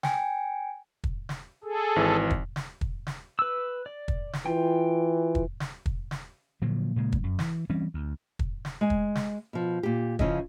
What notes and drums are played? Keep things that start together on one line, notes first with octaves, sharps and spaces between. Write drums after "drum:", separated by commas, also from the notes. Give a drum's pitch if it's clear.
G5 G#5, drum: snare
drum: kick
drum: snare
G#4 A4
G#1 E3
drum: kick
drum: snare
drum: kick
drum: snare
B4 E6
D5
drum: kick
drum: snare
E3 F4 G5
drum: kick
drum: snare
drum: kick
drum: snare
A#2 D3 F3 F#3
A#2 C#3 G#3
drum: kick
F#2
E3, drum: snare
E3 G3 C4 C#4
D2
drum: kick
drum: snare
G#3 G#5
drum: kick
drum: snare
B2 F3
A#2 G4
C#3 F3 C#4 E4 D#5 E5, drum: kick